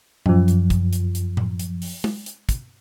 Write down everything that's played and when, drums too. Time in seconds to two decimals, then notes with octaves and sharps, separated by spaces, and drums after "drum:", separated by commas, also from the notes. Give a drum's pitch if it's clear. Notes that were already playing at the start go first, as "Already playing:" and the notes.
0.26 F#2 F3, drum: tom A2
0.48 drum: hi-hat
0.70 drum: kick, hi-hat
0.93 drum: hi-hat
1.15 drum: hi-hat
1.37 drum: tom A2
1.59 drum: hi-hat
1.82 drum: open hi-hat
2.04 drum: tom
2.26 drum: hi-hat
2.49 drum: kick, hi-hat